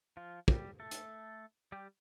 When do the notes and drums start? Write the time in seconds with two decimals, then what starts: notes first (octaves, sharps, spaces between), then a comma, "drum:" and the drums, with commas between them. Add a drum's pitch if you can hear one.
0.17 F3 F4
0.48 G3 G4, drum: kick
0.80 A3 A4
0.91 drum: hi-hat
1.72 G3 G4